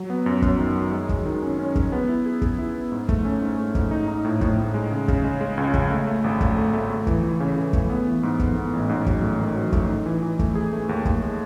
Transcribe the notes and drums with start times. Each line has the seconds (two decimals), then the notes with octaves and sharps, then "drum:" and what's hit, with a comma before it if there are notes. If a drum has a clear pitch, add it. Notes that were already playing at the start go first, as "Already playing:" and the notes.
Already playing: F#3
0.10 B3
0.26 F#2
0.42 F#2, drum: kick
0.59 D#3
0.75 F#3
0.92 G#3
1.09 G#3, drum: kick
1.25 D#3
1.43 C#4
1.59 C#4
1.75 G#3, drum: kick
1.92 B3
2.09 E4
2.26 G#4
2.42 G#4, drum: kick
2.58 E4
2.75 B3
2.92 G#2
3.09 A3, drum: kick
3.25 C#4
3.41 G#2
3.58 A3
3.75 G#2, drum: kick
3.91 D#4
4.08 D#4
4.25 A2
4.41 A2, drum: kick
4.58 A2
4.74 G#3
4.91 C#3
5.08 C#3, drum: kick
5.24 G#3
5.41 G#3
5.57 C#2
5.74 C#3, drum: kick
5.90 A3
6.07 A3
6.24 G#1
6.41 A3, drum: kick
6.57 A3
6.74 A3
6.90 A3
7.07 E3, drum: kick
7.23 E3
7.40 C#3
7.56 C#3
7.73 A3, drum: kick
7.90 B3
8.07 E3
8.23 G#2
8.39 B3, drum: kick
8.56 B3
8.73 A1
8.89 G#2
9.06 F#3, drum: kick
9.23 A3
9.39 D#3
9.56 F#3
9.72 A3, drum: kick
9.89 D#4
10.06 E3
10.23 E3
10.39 A3, drum: kick
10.55 G#4
10.73 A3
10.89 D#2
11.05 D#2, drum: kick
11.22 G#3